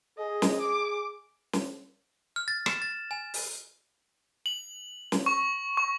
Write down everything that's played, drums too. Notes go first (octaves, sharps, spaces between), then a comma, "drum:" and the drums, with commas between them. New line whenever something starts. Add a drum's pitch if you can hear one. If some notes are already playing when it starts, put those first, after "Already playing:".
G#4 D#5
drum: snare
D6
drum: snare
F6
A6
E7, drum: rim click
A6
G#5
drum: open hi-hat
F#7
drum: snare
C#6
C#6